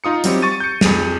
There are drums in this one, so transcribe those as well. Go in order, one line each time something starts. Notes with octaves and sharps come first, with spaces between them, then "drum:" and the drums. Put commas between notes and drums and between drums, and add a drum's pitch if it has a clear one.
D#4 F4 D#6 C#7
F#3 G3 C4 G4, drum: hi-hat
C#6 A6 D#7
G6 C#7
F2 G#4 D#7, drum: snare